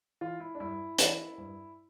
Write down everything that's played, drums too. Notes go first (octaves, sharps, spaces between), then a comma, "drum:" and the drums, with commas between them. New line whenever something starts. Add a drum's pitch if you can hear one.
E3 F4
E4
D4
G2 E4
E3, drum: hi-hat
G2